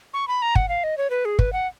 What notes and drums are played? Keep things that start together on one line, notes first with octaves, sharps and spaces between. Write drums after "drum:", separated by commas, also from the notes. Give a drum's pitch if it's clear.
C#6
B5
A#5
F#5, drum: kick
F5
D#5
C#5
B4
G#4
B4, drum: kick
F#5